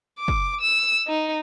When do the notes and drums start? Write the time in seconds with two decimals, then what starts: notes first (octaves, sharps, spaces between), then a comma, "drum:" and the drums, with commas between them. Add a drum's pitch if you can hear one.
0.19 D6
0.28 drum: kick
0.61 E6
1.07 D#4